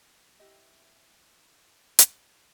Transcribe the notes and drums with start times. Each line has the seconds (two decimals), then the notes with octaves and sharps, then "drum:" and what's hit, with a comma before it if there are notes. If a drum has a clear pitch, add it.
0.39 E4 G4 D#5
1.99 drum: hi-hat